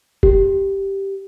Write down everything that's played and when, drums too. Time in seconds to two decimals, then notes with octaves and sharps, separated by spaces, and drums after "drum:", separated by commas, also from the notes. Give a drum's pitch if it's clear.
0.23 G4, drum: kick F1